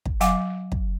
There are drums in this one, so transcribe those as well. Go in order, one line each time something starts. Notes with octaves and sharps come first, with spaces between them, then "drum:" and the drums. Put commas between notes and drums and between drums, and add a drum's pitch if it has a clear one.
drum: kick
F#3 F5 F#5 G#5 D6, drum: hi-hat
drum: kick